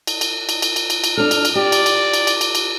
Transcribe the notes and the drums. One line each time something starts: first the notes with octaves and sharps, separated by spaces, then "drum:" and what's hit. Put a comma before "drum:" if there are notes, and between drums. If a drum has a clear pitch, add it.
drum: cymbal
drum: cymbal
drum: cymbal
drum: cymbal
drum: cymbal
drum: cymbal
drum: cymbal
D4 A4 F6
drum: cymbal
drum: cymbal
G4 D5
drum: cymbal
drum: cymbal
drum: cymbal
drum: cymbal
drum: cymbal
drum: cymbal